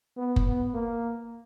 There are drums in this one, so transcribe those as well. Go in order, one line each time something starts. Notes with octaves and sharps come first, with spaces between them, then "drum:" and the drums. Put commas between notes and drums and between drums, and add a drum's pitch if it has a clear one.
B3
drum: kick F#1
B3
A#3